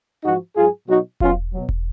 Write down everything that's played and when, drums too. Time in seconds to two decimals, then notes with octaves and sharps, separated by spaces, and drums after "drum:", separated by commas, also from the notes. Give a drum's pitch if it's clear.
0.23 G#2 F3 D#4 F#4
0.55 G#2 F#3 F4 G#4
0.88 B2 F#3 D#4 F#4
1.20 B2 F#3 C#4 F4, drum: kick E1
1.53 B2 F#3
1.69 drum: kick E1